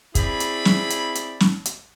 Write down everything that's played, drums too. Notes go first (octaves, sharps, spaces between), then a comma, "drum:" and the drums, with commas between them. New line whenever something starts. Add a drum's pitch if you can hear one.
C4 E4 G#4 D5 B5, drum: kick, hi-hat
drum: hi-hat
drum: snare
drum: hi-hat
drum: hi-hat
drum: snare
drum: hi-hat